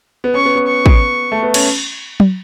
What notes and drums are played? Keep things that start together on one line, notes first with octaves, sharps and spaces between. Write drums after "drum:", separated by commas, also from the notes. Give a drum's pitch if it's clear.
B3
C#4 C#6
B3
B3
C#6
drum: kick
A3
B3
C#4, drum: cymbal
drum: tom F#3